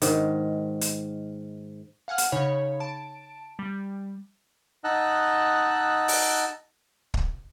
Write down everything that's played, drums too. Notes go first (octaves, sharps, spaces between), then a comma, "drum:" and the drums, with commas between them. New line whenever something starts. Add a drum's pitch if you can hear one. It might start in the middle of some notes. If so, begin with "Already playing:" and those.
G#2 D#3, drum: hi-hat
drum: hi-hat
F5 F#5 G#5 F6
drum: hi-hat
C#3 D#4 C#5 B5
A5 D7
G3
D#4 D#5 F#5 A5 E6 F#6
drum: open hi-hat
drum: kick